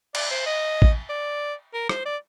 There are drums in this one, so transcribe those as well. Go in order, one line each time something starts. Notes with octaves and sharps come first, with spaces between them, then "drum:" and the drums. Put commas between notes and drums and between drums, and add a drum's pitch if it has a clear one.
D5, drum: cymbal
C5
D#5
drum: kick A1
D5
A#4
C5, drum: rim click
D5